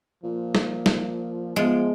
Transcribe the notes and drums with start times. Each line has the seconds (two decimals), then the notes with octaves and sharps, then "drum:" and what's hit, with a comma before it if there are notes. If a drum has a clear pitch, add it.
0.23 A#2 F3
0.55 drum: snare
0.86 drum: snare
1.56 F3 G#3 B3 D7